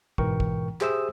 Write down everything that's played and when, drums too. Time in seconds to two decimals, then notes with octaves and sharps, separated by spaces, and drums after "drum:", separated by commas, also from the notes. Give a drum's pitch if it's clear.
0.18 G#2 B2 E3 A#4 G5 C#6, drum: kick
0.40 drum: kick
0.81 G4 G#4 C5 E5 D#6 E6, drum: clap